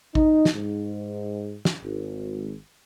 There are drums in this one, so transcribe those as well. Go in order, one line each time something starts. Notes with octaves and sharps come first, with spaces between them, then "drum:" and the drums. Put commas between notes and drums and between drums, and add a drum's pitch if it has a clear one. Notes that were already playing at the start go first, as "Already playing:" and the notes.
D#4, drum: kick A1
drum: snare
G#2
drum: snare
G#1